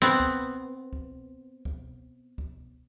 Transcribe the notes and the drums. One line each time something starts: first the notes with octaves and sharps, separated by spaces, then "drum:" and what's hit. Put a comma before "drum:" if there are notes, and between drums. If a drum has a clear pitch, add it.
B3 C4
drum: kick
drum: kick
drum: kick
drum: kick